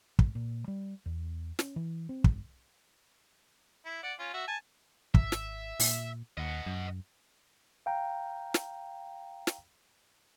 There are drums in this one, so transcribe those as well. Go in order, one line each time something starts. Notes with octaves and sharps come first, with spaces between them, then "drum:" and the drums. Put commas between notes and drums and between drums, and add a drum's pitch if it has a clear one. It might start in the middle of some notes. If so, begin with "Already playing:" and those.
G#1, drum: kick
A#2
G3
E2
C#4, drum: snare
E3
C4
G1, drum: kick
E4
D5 F#5
C#4 F4
F#4 E5
G#5 A5
G#1 E5, drum: kick
drum: snare
A#2, drum: open hi-hat
D#2 D#5 F#5
F#2
F5 G5 A#5
drum: snare
drum: snare